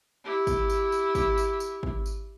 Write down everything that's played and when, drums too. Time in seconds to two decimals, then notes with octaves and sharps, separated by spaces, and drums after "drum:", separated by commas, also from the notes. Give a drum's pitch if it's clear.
0.24 E4 G4
0.47 drum: kick, tambourine
0.70 drum: tambourine
0.92 drum: tambourine
1.15 drum: kick, tambourine
1.38 drum: tambourine
1.60 drum: tambourine
1.83 drum: kick
2.06 drum: tambourine